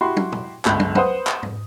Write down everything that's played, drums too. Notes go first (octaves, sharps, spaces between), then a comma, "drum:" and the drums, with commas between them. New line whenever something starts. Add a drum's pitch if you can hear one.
E4 F#4 G4 B5 C6
drum: tom
drum: tom
G1 C#2 B5 F#6 G6, drum: clap
drum: tom
B4 C5 F#5 C6 D#6, drum: tom
drum: clap
drum: tom G#2